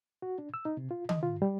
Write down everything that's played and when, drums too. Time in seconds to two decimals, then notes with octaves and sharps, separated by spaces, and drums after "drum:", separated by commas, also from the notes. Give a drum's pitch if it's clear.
0.22 F#4
0.38 D4
0.54 E6
0.65 D#4
0.77 C3
0.91 F4
1.09 D#5, drum: tom D#3
1.23 F4
1.42 G3